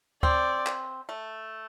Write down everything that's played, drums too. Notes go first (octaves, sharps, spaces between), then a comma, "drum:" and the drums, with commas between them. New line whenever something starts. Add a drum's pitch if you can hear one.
C4 D5, drum: kick D2
drum: clap
A3